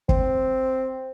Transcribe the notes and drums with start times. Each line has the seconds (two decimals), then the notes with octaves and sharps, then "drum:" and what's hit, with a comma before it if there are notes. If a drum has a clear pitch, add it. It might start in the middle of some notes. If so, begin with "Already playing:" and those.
0.09 C4, drum: kick